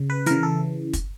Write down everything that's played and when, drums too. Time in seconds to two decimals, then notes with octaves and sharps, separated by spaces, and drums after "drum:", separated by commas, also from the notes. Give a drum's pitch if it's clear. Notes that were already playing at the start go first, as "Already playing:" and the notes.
Already playing: C#3
0.10 B4
0.26 C#3 E3 A#4, drum: hi-hat
0.43 A4
0.93 drum: kick, hi-hat